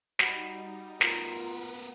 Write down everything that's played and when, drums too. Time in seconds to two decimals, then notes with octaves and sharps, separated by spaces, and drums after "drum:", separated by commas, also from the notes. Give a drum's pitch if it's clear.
0.19 G3 D#4 F#4 F#5 B5, drum: snare
1.01 B3 F4 A#4, drum: snare